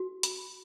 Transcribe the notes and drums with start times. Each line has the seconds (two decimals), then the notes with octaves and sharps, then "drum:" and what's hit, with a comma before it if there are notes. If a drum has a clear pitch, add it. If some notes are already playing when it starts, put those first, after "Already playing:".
Already playing: F#4
0.23 B5, drum: hi-hat